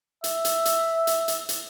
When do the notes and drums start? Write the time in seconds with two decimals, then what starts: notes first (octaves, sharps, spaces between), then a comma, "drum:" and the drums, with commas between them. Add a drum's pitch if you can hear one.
0.24 E5, drum: hi-hat
0.45 drum: hi-hat
0.65 drum: hi-hat
1.07 drum: hi-hat
1.28 drum: hi-hat
1.49 drum: hi-hat